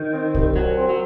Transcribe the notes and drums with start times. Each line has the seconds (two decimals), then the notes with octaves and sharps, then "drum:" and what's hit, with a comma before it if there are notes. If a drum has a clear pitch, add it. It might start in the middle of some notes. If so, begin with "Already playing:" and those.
Already playing: D#3
0.12 C4
0.35 C2, drum: kick
0.56 C2 F#3
0.77 C4
0.89 F#3